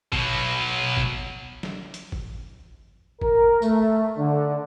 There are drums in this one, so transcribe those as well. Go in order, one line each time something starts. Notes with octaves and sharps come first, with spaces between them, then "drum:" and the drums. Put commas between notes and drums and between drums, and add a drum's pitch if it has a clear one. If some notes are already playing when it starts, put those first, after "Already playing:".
B2 F#3, drum: kick
drum: kick
drum: snare
drum: hi-hat
drum: kick
A#4, drum: kick
A3, drum: tambourine
D3